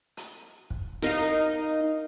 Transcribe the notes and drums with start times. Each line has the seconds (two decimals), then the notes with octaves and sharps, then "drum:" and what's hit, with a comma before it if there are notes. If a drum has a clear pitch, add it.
0.17 drum: hi-hat
0.70 drum: kick
1.02 D#4 A#4 D#5 F5, drum: hi-hat